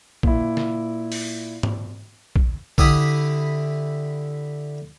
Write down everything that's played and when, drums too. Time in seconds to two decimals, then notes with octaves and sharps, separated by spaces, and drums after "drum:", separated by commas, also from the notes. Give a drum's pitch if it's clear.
0.23 A#2 E4, drum: kick A#1
0.57 drum: snare
1.12 drum: open hi-hat
1.63 drum: tom G#2
2.36 drum: kick A#1
2.78 D3 E4 G4 E5 B5 D#6, drum: kick A#1